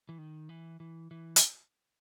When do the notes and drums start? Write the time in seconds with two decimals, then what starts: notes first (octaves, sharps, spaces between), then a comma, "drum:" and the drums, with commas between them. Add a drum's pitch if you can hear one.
0.09 E3
0.18 D#3
0.49 E3
0.80 E3
1.11 E3
1.36 drum: hi-hat